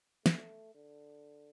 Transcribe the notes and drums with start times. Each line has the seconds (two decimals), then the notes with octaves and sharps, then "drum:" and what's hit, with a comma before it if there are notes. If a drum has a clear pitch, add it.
0.26 A3, drum: snare
0.75 D3